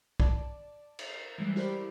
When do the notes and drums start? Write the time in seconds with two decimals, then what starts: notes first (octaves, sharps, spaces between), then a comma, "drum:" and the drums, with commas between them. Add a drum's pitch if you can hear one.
0.20 D5 A5, drum: kick
0.99 drum: cymbal
1.38 E3 G3 G#3
1.56 E4 G4 A#4 C5 D5 B5